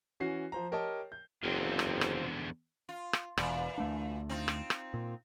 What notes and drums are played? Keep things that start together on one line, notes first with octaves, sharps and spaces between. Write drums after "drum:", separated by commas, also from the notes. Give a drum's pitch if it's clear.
E3 C#4 F#4 C7
F3 C5 A#5
G4 A#4 C#5 D#5 G5 A5
G6
F#1 E2 D3 C4 F4
drum: rim click
drum: rim click
F4
drum: rim click
E1 A#2 E3 D5, drum: rim click
D2 A3 D4
C4 D#4 F4
drum: rim click
drum: rim click
A#2